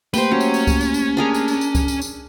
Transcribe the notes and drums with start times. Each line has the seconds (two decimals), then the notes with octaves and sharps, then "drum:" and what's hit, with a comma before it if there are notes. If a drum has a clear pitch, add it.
0.14 A3 A#3 G4 B4 C5 G5, drum: tambourine
0.31 F#3 C#4
0.40 drum: tambourine
0.54 drum: tambourine
0.67 drum: kick C#2, tambourine
0.81 drum: tambourine
0.94 drum: tambourine
1.17 D4 G#4 A#4
1.34 drum: tambourine
1.48 drum: tambourine
1.61 drum: tambourine
1.75 drum: kick C#2, tambourine
1.88 drum: tambourine
2.02 drum: tambourine